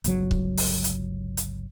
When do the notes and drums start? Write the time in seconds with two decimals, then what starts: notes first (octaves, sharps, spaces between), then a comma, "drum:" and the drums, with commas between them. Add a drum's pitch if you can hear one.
0.04 G1 C#2 F#3, drum: hi-hat
0.31 drum: kick C#1
0.57 drum: open hi-hat
0.84 drum: hi-hat
1.37 drum: hi-hat